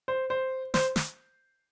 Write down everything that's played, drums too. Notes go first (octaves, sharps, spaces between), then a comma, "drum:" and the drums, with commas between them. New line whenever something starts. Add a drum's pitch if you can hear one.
C5
C5
C5, drum: snare
drum: snare